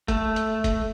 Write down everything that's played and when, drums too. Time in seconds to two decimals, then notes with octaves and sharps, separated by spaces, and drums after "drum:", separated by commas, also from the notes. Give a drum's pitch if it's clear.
0.08 A3, drum: kick, hi-hat
0.36 drum: hi-hat
0.64 drum: kick, hi-hat